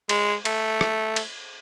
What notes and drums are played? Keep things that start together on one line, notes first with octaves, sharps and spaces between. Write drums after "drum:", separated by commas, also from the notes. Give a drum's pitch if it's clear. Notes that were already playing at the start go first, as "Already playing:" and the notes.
G#3, drum: cymbal
A3, drum: cymbal
drum: rim click
drum: cymbal